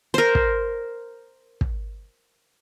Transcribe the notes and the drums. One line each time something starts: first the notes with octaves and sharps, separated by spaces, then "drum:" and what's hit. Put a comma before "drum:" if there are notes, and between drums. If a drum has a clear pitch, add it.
A#4 C5
drum: kick
drum: kick